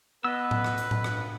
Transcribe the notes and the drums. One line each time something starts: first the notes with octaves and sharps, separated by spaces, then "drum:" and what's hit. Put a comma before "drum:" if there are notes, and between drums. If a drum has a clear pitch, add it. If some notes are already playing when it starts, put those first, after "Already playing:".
B3 B4 D#5 E6
drum: tom A2
drum: rim click
drum: hi-hat
drum: tom A2
G2, drum: rim click